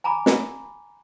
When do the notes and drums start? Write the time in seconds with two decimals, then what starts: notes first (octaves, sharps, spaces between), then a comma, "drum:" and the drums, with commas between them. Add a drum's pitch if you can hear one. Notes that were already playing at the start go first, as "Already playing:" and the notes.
0.04 G#5 A#5 B5 D6
0.26 drum: snare